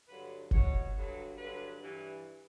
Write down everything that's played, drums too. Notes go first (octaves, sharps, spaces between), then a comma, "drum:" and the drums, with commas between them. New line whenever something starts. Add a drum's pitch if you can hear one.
G2 D3 F#3 B4
B2 F#3 C#5, drum: kick F#1
G2 D3 F#3
G2 D3 F#3 B4
G2 E3